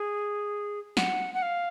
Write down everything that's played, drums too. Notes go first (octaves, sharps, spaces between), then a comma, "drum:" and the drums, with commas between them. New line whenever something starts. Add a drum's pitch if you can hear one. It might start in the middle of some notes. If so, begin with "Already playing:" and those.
Already playing: G#4
F#5, drum: snare
F#5
F5